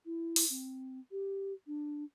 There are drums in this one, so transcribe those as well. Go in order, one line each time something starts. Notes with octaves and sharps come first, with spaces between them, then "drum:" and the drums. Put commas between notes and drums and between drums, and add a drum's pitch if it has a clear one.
E4
drum: open hi-hat
C4
G4
D4